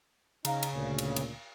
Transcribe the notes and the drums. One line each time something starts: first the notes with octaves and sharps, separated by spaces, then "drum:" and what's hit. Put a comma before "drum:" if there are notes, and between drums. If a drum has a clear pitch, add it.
C#3 D#4 F5 A#5, drum: cymbal
drum: cymbal
D2 A#2
drum: cymbal
drum: cymbal